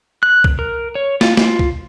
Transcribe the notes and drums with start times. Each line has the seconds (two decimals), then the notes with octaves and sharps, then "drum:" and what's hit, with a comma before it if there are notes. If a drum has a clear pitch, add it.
0.23 F#6
0.44 drum: kick C2
0.59 A#4
0.95 C#5
1.21 F4, drum: snare
1.37 F4, drum: snare
1.59 drum: kick C2